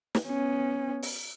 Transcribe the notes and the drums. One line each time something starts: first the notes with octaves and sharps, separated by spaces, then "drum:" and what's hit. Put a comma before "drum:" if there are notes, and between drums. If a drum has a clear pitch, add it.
drum: snare
B3 C#4
drum: open hi-hat